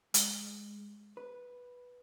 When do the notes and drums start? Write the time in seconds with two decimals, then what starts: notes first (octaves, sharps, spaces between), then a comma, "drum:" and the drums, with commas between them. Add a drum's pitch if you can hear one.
0.14 G#3, drum: hi-hat
1.17 B4